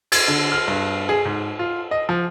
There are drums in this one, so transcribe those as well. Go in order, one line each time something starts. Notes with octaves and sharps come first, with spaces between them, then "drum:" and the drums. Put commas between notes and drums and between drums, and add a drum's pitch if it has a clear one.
G#6, drum: cymbal
D3
F6
G2
G#4
G#2
F4
D#5
F3